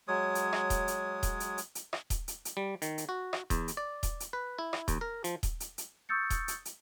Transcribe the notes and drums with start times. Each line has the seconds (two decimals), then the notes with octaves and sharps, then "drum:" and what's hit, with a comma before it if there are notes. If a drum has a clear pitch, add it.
0.08 F#3 G#3 C#5 D#6
0.35 drum: hi-hat
0.53 drum: rim click
0.70 drum: kick D#1, hi-hat
0.88 drum: hi-hat
1.23 drum: kick D#1, hi-hat
1.40 drum: hi-hat
1.58 drum: hi-hat
1.75 drum: hi-hat
1.93 drum: rim click
2.10 drum: kick D#1, hi-hat
2.28 drum: hi-hat
2.45 drum: hi-hat
2.57 G3
2.82 D#3, drum: hi-hat
2.98 drum: hi-hat
3.09 F#4
3.33 drum: rim click
3.50 E2, drum: kick D#1, hi-hat
3.68 drum: hi-hat
3.77 D5
4.03 drum: kick D#1, hi-hat
4.20 drum: hi-hat
4.33 B4
4.59 E4
4.73 drum: rim click
4.88 D#2, drum: kick D#1, hi-hat
5.01 A#4
5.24 F3, drum: hi-hat
5.43 drum: kick D#1, hi-hat
5.60 drum: hi-hat
5.78 drum: hi-hat
6.09 C#6 D#6 E6 G6 A6 C#7
6.30 drum: kick D#1, hi-hat
6.48 drum: hi-hat
6.65 drum: hi-hat